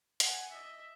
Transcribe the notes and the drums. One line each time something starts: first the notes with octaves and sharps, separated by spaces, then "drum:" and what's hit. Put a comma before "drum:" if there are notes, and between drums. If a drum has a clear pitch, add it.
F#5 G#5, drum: hi-hat
D#5 E5